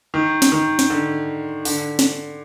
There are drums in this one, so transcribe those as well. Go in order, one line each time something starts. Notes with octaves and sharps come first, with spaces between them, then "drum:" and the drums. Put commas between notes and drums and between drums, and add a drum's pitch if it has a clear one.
D#3
drum: snare
D#3
drum: snare
D3
D3, drum: open hi-hat
drum: snare